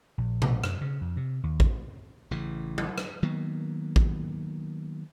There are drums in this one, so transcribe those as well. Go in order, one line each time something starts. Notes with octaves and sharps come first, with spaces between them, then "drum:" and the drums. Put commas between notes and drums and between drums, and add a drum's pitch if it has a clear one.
A#1
drum: tom B2
F#2, drum: rim click
C#3
F2
C3
D#2
drum: kick A1
A1 C#3 E3
drum: tom
drum: rim click
D#3 F#3 A#3 B3
drum: kick A1